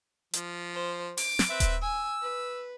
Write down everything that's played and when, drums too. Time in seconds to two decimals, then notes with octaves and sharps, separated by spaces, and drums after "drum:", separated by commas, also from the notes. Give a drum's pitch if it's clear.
0.33 F3, drum: hi-hat
0.74 C5
1.17 D6, drum: open hi-hat
1.39 drum: snare
1.50 C4 B4 E5
1.60 drum: kick D#1, hi-hat
1.82 G#5 E6
2.22 B4